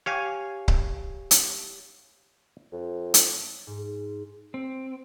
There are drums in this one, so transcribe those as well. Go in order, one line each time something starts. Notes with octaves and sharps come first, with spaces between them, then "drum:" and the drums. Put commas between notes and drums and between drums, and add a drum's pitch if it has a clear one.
G4 C#5 F5 G#5
drum: kick C#1
drum: hi-hat
F2
drum: hi-hat
G#2
C4